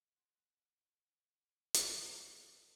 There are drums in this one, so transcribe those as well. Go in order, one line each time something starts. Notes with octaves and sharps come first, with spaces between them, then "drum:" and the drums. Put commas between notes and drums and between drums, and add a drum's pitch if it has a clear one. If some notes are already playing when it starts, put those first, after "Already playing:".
F#5 C6 F#6
drum: hi-hat